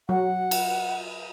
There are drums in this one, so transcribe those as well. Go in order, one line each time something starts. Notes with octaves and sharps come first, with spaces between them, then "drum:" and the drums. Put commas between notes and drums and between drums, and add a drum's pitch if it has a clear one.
F#3 F#4 F#5
drum: cymbal